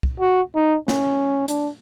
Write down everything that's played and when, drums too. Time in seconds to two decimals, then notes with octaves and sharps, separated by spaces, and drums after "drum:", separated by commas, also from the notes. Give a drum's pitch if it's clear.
0.03 drum: kick
0.20 F#4
0.55 D#4
0.88 C#4, drum: snare
1.48 D4, drum: hi-hat